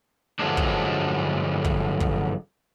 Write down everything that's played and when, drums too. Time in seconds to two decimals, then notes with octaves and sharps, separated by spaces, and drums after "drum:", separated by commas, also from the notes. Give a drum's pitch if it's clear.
0.39 G2 D3 F3 F#3 G#3 D4
0.57 drum: kick
1.64 drum: kick
2.00 drum: kick